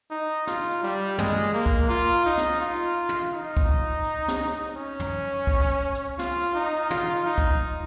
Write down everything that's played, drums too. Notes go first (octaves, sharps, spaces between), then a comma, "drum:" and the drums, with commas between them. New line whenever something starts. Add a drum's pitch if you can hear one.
D#4
F4, drum: snare
drum: hi-hat
G3
G#3, drum: tom
A#3
drum: kick, hi-hat
F4
D#4
drum: snare
F4, drum: hi-hat
drum: tom
D#4
drum: kick, hi-hat
drum: hi-hat
drum: snare
drum: hi-hat
C#4
drum: tom
drum: kick, hi-hat
drum: hi-hat
F4, drum: snare
drum: hi-hat
D#4
F4, drum: tom
D#4
drum: kick, hi-hat